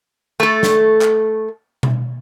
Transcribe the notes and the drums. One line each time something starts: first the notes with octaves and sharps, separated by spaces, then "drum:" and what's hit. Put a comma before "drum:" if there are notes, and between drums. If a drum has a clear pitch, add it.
A3 A4
drum: snare
drum: clap
drum: tom B2